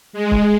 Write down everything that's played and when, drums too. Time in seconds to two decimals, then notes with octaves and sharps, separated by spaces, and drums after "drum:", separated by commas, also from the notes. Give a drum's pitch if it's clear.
0.13 G#3
0.31 drum: kick C#1